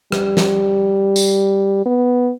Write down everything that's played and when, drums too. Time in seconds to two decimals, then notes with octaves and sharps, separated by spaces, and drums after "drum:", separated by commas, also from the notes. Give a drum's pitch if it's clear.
0.12 G3, drum: rim click
0.37 drum: snare
1.16 drum: tambourine
1.86 B3